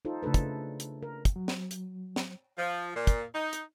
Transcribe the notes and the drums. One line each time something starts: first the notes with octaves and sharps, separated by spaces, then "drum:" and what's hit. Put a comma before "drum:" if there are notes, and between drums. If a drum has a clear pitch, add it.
D#4 F4 A4 C5
C#3 A3 D4 A4 B4
drum: kick, hi-hat
drum: hi-hat
A#4
drum: kick, hi-hat
F#3
drum: snare
drum: hi-hat
drum: snare
F3
A#2
drum: kick, hi-hat
D#4
drum: hi-hat